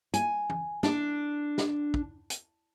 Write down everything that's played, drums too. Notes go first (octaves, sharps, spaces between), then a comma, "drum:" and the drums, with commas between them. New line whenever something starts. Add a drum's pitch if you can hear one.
G#5, drum: hi-hat
drum: tom
D4, drum: snare
drum: snare
drum: kick
drum: hi-hat